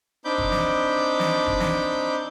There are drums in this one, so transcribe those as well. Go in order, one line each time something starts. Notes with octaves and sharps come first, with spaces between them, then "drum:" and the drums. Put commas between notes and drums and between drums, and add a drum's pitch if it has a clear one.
C4 D4 D#4 B5 D6 G6
drum: kick
drum: snare
drum: snare
drum: kick
drum: snare